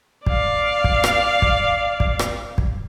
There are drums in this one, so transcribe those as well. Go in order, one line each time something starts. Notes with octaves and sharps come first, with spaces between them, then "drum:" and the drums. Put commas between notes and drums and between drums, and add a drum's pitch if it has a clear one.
D5 F5, drum: kick
drum: kick
drum: rim click
drum: kick
drum: kick
drum: rim click
drum: kick